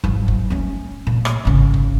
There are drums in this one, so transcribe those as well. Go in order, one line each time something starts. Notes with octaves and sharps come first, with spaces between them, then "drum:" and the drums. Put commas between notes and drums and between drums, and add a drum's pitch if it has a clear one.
G#1 F#3, drum: kick F#1
drum: kick F#1
A3 C#4
A#2
drum: rim click
G#1 C#3
drum: kick F#1